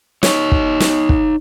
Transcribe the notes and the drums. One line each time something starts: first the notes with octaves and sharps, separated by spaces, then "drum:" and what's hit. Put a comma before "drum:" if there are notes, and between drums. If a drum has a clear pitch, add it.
D#4 C#5, drum: snare
drum: kick
drum: snare
drum: kick